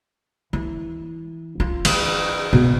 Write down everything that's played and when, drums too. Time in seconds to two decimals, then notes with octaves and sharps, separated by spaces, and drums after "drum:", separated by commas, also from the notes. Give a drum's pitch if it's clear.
0.53 E3
1.60 F4
1.85 E3, drum: cymbal
2.53 B2